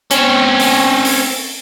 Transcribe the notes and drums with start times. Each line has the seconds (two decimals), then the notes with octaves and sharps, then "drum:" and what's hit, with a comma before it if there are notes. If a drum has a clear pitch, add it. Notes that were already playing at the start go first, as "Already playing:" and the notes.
0.11 C4 C#4, drum: hi-hat
0.60 drum: open hi-hat
1.05 drum: open hi-hat